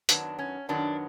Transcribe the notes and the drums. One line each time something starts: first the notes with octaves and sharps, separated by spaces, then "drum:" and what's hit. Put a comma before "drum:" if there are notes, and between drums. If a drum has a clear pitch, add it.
F#2 D#3 F#3 B3 D4, drum: hi-hat
C#4
F#2 D#3 F#3 B3 D4